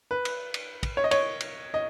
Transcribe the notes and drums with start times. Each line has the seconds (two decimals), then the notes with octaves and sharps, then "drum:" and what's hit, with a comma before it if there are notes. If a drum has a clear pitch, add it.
0.11 B4
0.25 drum: cymbal
0.54 drum: cymbal
0.83 drum: kick, cymbal
0.97 C#5
1.04 D#5
1.11 C#5, drum: cymbal
1.40 drum: cymbal
1.74 D#5